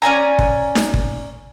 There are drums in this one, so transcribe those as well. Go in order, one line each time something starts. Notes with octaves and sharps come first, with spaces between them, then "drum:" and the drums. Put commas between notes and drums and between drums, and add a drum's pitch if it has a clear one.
C#4 D5 G#5 A#5
drum: kick
drum: snare D#4
drum: kick